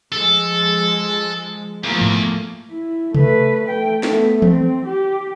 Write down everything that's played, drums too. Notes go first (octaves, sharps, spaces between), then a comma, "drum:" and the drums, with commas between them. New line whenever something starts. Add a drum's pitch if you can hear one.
F3 G#3 A4
E2 F3 A3 A#3
drum: tom G#2
E4
A3 B4, drum: tom C3
A3 G5
A3 B3, drum: snare
C4, drum: tom E3
G4